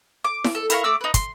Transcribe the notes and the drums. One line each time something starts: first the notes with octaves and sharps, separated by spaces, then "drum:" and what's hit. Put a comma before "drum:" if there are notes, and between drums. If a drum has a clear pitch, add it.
D6
drum: snare E4
A4
E4 A#4 F5 C#6, drum: hi-hat
A3 D6 E6
D#4 B4
C6, drum: kick, hi-hat